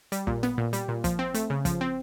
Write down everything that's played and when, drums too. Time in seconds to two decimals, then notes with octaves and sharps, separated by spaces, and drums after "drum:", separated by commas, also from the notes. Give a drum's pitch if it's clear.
0.12 G3, drum: hi-hat
0.27 A#2, drum: kick
0.43 B3, drum: snare
0.58 A#2
0.73 G3, drum: hi-hat
0.88 A#2
1.04 F3, drum: kick, hi-hat
1.19 C4
1.34 A3, drum: hi-hat
1.50 C#3
1.65 F3, drum: kick, hi-hat
1.81 C4